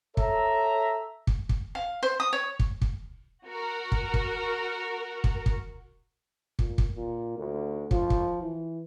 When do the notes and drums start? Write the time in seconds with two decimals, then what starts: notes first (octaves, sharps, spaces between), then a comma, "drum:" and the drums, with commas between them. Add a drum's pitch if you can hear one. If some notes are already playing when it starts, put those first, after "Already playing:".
0.17 A4 C#5 E5 A#5, drum: kick
1.27 drum: kick
1.49 drum: kick
1.75 F5
2.03 C5
2.20 D#6
2.33 C#5
2.59 drum: kick
2.82 drum: kick
3.48 F#4 A#4
3.92 drum: kick
4.14 drum: kick
5.24 drum: kick
5.46 drum: kick
6.59 A#2, drum: kick
6.78 drum: kick
6.96 A#2
7.38 D2
7.91 F3, drum: kick
8.10 drum: kick
8.42 E3